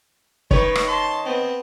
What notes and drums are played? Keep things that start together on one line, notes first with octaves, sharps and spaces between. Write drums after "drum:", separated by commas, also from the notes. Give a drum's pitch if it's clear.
D#3 B4 C#5, drum: kick
drum: rim click
A5 C6
B3 C4